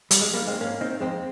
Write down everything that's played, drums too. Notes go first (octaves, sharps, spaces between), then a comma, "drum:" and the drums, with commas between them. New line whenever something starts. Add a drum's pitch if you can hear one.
G3, drum: hi-hat
F2 G#3
G3 A#3
D#3
G#3 C4
G#2 A#3 C#4
D#3 C4 D#4
F2 G#3 C4